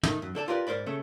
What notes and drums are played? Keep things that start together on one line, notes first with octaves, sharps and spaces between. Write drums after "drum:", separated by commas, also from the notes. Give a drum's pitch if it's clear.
D#3 A3, drum: tom
F#2
D3 A4 D5 A5
F4 G4 A#4 B4 D5
G#2 A#4 C5 D5 B5
C#3 A3 A4